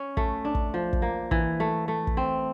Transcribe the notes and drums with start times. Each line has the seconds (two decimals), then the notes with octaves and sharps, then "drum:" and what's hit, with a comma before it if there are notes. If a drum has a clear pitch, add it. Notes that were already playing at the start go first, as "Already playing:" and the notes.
Already playing: C#4
0.17 A3, drum: kick
0.45 D4
0.55 drum: kick
0.74 F3
0.93 drum: kick
1.02 A#3
1.31 E3, drum: kick
1.60 A3
1.88 A3
2.07 drum: kick
2.17 C4